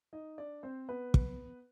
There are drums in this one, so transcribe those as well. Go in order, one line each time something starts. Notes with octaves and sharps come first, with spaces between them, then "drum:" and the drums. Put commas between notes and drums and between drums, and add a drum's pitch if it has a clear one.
D#4 D#5
D4 D5
C4 C5
B3 B4
drum: kick